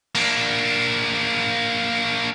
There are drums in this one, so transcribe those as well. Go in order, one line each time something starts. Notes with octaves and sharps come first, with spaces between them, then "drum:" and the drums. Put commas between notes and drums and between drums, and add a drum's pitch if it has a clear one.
A#3 D4, drum: cymbal